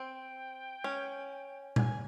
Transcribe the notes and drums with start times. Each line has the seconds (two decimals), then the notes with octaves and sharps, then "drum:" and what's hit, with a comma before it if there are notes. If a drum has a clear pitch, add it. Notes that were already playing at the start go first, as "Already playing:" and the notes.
Already playing: C4 G5
0.84 C#4
1.76 G#5, drum: tom A#2